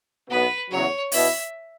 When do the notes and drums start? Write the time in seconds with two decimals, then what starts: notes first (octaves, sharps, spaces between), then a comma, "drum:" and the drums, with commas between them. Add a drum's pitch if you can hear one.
0.30 B1 B2 B3 B4
0.70 E2 C#3 F#3 C#5
1.12 B2 B3 E4 E5, drum: open hi-hat